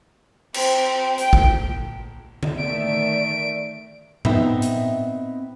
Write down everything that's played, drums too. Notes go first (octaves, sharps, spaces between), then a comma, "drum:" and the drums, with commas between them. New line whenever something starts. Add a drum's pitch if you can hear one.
C4, drum: cymbal
G5, drum: hi-hat
drum: kick
drum: tom D3
D#3 A3 D5 E5 D7
B3 C4 D#4 E5, drum: tom G#2
drum: hi-hat